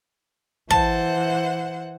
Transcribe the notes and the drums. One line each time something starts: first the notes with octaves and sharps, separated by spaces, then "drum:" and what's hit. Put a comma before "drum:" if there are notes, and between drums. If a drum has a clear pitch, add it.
E3 C5 F#5 A5, drum: kick